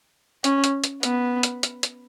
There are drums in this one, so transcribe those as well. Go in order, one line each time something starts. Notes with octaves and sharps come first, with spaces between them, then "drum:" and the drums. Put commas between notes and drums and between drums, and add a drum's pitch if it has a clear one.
C#4, drum: hi-hat
drum: hi-hat
drum: hi-hat
B3, drum: hi-hat
drum: hi-hat
drum: hi-hat
drum: hi-hat